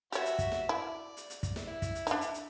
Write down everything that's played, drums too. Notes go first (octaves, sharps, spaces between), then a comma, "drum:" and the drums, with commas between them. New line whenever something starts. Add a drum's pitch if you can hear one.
F#4 G4 C#5 E5, drum: hi-hat
drum: hi-hat
drum: kick, hi-hat
drum: snare
E4 D5
drum: hi-hat
drum: hi-hat
drum: kick, hi-hat
drum: snare
E4
drum: kick, hi-hat
drum: hi-hat
D4 D#4, drum: hi-hat
drum: hi-hat
drum: hi-hat